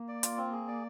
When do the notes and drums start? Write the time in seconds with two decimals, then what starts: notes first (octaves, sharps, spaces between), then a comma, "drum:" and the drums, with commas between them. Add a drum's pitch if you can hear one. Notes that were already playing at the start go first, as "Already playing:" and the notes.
Already playing: A#3
0.08 D5
0.23 F4, drum: hi-hat
0.37 C4
0.52 G#4
0.68 D5